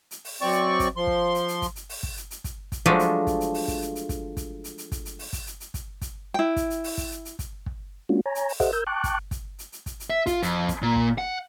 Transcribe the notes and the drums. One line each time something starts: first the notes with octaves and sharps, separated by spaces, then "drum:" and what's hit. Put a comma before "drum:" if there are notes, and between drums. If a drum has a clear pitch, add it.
drum: hi-hat
drum: open hi-hat
F#2 C4 D5 C#6
drum: hi-hat
drum: kick, hi-hat
F3 C6
drum: kick
drum: hi-hat
drum: hi-hat
drum: kick, hi-hat
drum: hi-hat
drum: open hi-hat
drum: kick
drum: hi-hat
drum: hi-hat
drum: kick, hi-hat
drum: kick, hi-hat
F3 F#3 G#3 A3 D4 F4
drum: hi-hat
drum: kick, hi-hat
drum: hi-hat
drum: open hi-hat
drum: kick, hi-hat
drum: hi-hat
drum: hi-hat
drum: kick, hi-hat
drum: kick, hi-hat
drum: hi-hat
drum: hi-hat
drum: kick, hi-hat
drum: hi-hat
drum: open hi-hat
drum: kick, hi-hat
drum: hi-hat
drum: hi-hat
drum: kick, hi-hat
drum: kick, hi-hat
E4 G5
drum: kick, hi-hat
drum: hi-hat
drum: open hi-hat
drum: kick, hi-hat
drum: hi-hat
drum: hi-hat
drum: kick, hi-hat
drum: kick
G#3 A#3 C#4 D4 F4 F#4
C#5 G#5 A#5
drum: hi-hat
drum: open hi-hat
G4 A4 C5 D#5 E5 F#5, drum: kick, hi-hat
A#4 E6 G6
G5 A5 C#6 D6 F#6
drum: kick, hi-hat
drum: kick, hi-hat
drum: hi-hat
drum: hi-hat
drum: kick, hi-hat
drum: hi-hat
E5
F4, drum: kick, hi-hat
F2, drum: hi-hat
drum: kick, hi-hat
A#2
drum: kick
F#5